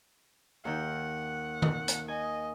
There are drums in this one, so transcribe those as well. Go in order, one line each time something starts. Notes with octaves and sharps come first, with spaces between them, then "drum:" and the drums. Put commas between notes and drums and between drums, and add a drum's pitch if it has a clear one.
D#2 D#3 F#5 G6
drum: tom D#3
drum: hi-hat
D#5 G#5